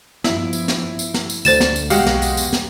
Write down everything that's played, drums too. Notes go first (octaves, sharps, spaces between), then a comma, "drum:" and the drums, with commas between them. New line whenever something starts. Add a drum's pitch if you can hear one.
G2 F3 B3 E4, drum: snare
drum: tambourine
drum: snare
drum: tambourine
drum: snare
drum: tambourine
D2 D3 A3 C5 A6 E7, drum: tambourine
drum: snare
drum: tambourine
B1 E2 G#3 B3 F#4 G4 F5 F#5, drum: tambourine
drum: snare
drum: tambourine
drum: tambourine
drum: snare